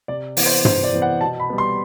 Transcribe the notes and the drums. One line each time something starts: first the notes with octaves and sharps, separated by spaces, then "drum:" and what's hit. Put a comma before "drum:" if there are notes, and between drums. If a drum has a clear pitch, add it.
C3 D5
E3 B3, drum: open hi-hat
C5
C3 C5, drum: tom
D5
E3 B3
F#5
B2 A5
B5
G3 B3
C6